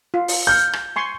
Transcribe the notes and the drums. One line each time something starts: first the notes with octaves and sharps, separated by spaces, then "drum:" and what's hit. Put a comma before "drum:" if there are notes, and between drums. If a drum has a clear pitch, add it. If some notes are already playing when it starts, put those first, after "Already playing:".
F4
drum: open hi-hat
F6 G6
drum: rim click
G#5 C6 C#6